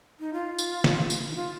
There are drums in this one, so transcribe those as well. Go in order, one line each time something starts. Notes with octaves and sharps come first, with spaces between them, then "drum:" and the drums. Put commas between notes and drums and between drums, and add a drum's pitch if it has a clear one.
D#4
F4
drum: tambourine
drum: snare
drum: tambourine
D#4
F4